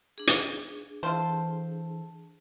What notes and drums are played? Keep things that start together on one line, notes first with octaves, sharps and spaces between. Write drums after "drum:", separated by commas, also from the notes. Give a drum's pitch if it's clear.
D4 G#4
drum: hi-hat
E3 F4 A4 C5 F5 G5